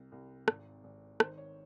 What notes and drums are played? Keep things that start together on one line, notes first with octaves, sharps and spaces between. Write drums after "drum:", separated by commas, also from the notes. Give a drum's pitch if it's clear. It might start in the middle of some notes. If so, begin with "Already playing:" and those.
Already playing: C2
C2
G#1, drum: rim click
G#1
D#3 C5, drum: rim click
C#5